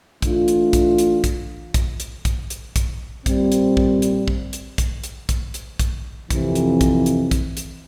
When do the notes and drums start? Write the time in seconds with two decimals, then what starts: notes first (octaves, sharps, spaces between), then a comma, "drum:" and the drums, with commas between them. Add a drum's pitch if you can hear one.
0.22 E3 A3 D4 F4, drum: kick, hi-hat
0.48 drum: hi-hat
0.73 drum: kick, hi-hat
0.98 drum: hi-hat
1.24 drum: kick, hi-hat
1.74 drum: kick, hi-hat
2.00 drum: hi-hat
2.25 drum: kick, hi-hat
2.50 drum: hi-hat
2.76 drum: kick, hi-hat
3.26 A#2 G3 C4, drum: kick, hi-hat
3.52 drum: hi-hat
3.77 drum: kick
4.02 drum: hi-hat
4.28 drum: kick
4.53 drum: hi-hat
4.78 drum: kick, hi-hat
5.04 drum: hi-hat
5.29 drum: kick, hi-hat
5.54 drum: hi-hat
5.79 drum: kick, hi-hat
6.30 F2 C3 E3, drum: kick, hi-hat
6.55 drum: hi-hat
6.81 drum: kick, hi-hat
7.06 drum: hi-hat
7.31 drum: kick, hi-hat
7.57 drum: hi-hat